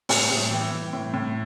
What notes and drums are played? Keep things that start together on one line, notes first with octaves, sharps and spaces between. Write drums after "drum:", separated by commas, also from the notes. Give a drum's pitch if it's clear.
A2, drum: open hi-hat
A2
E3 G5
E3
A2
A2